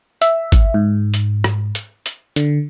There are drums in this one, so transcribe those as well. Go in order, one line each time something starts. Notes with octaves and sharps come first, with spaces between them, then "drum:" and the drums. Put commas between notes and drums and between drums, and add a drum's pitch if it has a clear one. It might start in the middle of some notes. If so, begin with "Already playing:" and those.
E5, drum: hi-hat
drum: kick G#1, hi-hat
G#2
drum: hi-hat
drum: rim click
drum: hi-hat
drum: hi-hat
D3, drum: hi-hat